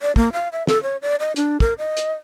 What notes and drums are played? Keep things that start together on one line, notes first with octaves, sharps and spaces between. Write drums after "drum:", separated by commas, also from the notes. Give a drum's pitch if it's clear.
D5
A#3, drum: kick
F5
E5
A4, drum: snare
C#5
D5
D#5
D4, drum: hi-hat
A#4, drum: kick
D#5
drum: hi-hat